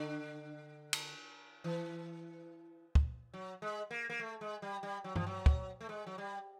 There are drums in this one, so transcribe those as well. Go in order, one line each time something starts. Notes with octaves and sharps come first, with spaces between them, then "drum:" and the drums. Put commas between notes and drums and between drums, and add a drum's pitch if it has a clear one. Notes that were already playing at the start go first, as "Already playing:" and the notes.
Already playing: D3
drum: cymbal
E3
drum: kick
F#3
G#3
A#3
A#3
A3
G#3
G3
G3
F#3
F3, drum: tom G2
F#3
drum: kick
A3
G#3
F#3
G3